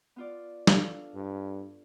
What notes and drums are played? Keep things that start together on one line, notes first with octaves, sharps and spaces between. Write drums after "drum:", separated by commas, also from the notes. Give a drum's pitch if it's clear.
B3 F4 D5
D4 A4 F5, drum: snare
G2